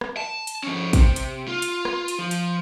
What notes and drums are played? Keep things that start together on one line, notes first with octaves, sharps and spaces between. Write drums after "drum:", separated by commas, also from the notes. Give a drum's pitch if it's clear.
drum: rim click
A5
drum: hi-hat
F3 C#4
C3, drum: kick, hi-hat
drum: hi-hat
F4
drum: hi-hat
drum: rim click
drum: hi-hat
F3
drum: hi-hat